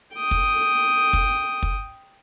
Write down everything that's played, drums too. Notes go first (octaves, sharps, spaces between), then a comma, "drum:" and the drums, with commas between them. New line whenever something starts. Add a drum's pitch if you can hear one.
G5 D#6
drum: kick
drum: kick
drum: kick